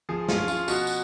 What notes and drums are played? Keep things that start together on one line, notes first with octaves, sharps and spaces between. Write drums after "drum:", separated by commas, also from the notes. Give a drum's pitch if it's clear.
F3 G#4
F4, drum: snare
C#4
F4, drum: tambourine
B2 F#4, drum: tambourine
drum: tambourine